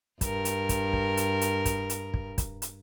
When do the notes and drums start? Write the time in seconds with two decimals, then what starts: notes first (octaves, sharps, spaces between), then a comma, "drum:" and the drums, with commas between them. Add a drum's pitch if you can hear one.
0.21 G2 A#4, drum: kick, hi-hat
0.45 drum: hi-hat
0.69 drum: kick, hi-hat
0.93 drum: kick
1.17 drum: hi-hat
1.41 drum: hi-hat
1.65 drum: kick, hi-hat
1.90 drum: hi-hat
2.14 drum: kick
2.38 drum: kick, hi-hat
2.62 drum: hi-hat